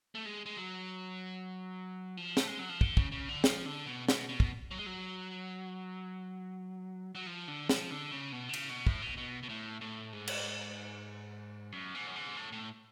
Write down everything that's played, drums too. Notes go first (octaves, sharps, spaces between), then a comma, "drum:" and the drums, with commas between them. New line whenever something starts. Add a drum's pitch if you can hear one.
A3
G#3
G#3
F#3
F3
A3, drum: snare
G#3
F#3
F3
D3, drum: kick
C#3, drum: kick
C#3
D3
F3, drum: snare
D3
B2
B2, drum: snare
B2
drum: kick
F#3
G#3
F#3
F#3
F3
D3
F3, drum: snare
D3
C#3
B2
D3
C#3, drum: cymbal
B2
A2, drum: kick
B2
B2
B2
A2
A2
G#2
drum: cymbal
F#2
G#2
F#2
G#2
A2
A2